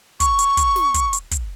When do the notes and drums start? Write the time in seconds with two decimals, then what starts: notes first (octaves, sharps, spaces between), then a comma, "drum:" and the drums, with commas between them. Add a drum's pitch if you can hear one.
0.20 C#6, drum: kick, hi-hat
0.39 drum: hi-hat
0.57 drum: kick, hi-hat
0.76 drum: snare
0.94 drum: kick, hi-hat
1.13 drum: hi-hat
1.31 drum: kick, hi-hat